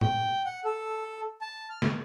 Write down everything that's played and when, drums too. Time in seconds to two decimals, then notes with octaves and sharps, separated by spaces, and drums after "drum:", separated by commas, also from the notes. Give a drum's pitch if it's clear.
0.01 G5, drum: tom
0.45 F#5
0.65 A4
1.41 A5
1.70 F6
1.82 drum: snare